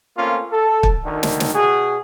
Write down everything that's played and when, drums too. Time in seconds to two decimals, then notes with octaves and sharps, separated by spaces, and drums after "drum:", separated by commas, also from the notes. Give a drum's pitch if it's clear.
0.17 A3 A#3 C4 C#4 F4
0.52 A4
0.83 drum: kick
1.04 D2 D3 D#3
1.23 drum: snare
1.40 drum: snare
1.54 B2 F#4 G#4